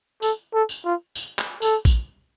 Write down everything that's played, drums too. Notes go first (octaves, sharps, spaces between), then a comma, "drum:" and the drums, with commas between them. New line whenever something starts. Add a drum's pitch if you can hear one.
A4, drum: tambourine
A4
drum: tambourine
F4
drum: tambourine
drum: clap
A4, drum: tambourine
drum: kick A#1, tambourine